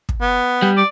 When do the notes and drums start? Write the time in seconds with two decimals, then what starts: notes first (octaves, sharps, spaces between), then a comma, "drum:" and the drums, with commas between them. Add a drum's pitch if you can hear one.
0.09 drum: kick
0.21 B3
0.62 G3
0.77 D5